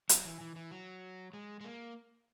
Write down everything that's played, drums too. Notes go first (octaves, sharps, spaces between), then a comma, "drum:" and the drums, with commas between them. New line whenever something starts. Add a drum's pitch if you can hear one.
F#3, drum: hi-hat
E3
E3
E3
F#3
G#3
G#3
A#3